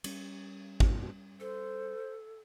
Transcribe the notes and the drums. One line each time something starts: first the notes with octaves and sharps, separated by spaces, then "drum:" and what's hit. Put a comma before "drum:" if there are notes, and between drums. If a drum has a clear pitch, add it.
G3 C#4, drum: cymbal
drum: kick G#1
A4 C5